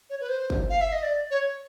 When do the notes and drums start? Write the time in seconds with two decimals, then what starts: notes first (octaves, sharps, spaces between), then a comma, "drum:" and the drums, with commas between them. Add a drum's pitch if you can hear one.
0.10 C#5
0.20 B4
0.29 C5
0.50 drum: kick
0.70 F5
0.81 E5
0.92 D#5
1.03 D5
1.31 C#5